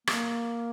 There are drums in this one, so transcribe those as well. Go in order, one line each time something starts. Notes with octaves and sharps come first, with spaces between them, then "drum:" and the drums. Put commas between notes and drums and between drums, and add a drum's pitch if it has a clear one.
A#3, drum: rim click